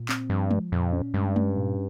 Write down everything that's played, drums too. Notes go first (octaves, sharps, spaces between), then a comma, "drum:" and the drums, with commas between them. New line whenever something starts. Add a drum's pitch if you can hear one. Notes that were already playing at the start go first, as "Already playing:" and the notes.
Already playing: A#2
C4, drum: clap
G2 F3
F3, drum: tom G#3
F2 A#2
C#4
G2 G#3
C#4, drum: tom G#3
A#2